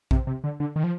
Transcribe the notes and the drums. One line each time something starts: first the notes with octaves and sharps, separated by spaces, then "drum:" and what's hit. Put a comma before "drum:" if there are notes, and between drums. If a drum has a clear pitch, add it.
C3, drum: kick A#1
C3
D3
D3
D#3
F3